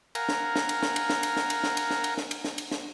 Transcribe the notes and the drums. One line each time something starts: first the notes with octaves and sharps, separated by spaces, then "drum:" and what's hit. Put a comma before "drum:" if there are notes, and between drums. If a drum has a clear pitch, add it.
A#4 F5 F#5 G#5 A#5, drum: cymbal
drum: snare
drum: snare
drum: cymbal
drum: snare
drum: cymbal
drum: snare
drum: cymbal
drum: snare
drum: cymbal
drum: snare
drum: cymbal
drum: snare
drum: cymbal
drum: snare
drum: cymbal
drum: snare
drum: cymbal
drum: snare